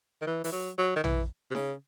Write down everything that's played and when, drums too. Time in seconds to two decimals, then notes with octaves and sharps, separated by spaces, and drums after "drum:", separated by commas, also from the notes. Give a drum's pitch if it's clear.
0.22 D#3
0.27 E3
0.44 E3, drum: open hi-hat
0.52 F#3
0.78 F#3
0.96 D#3
1.04 E3, drum: tom
1.51 C3
1.55 C#3, drum: snare D#4